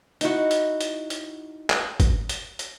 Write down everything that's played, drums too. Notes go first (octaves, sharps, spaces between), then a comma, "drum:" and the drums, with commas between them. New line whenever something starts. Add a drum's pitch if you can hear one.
D#4 E4 F#4, drum: hi-hat
drum: hi-hat
drum: hi-hat
drum: hi-hat
drum: clap
drum: kick, hi-hat
drum: hi-hat
drum: hi-hat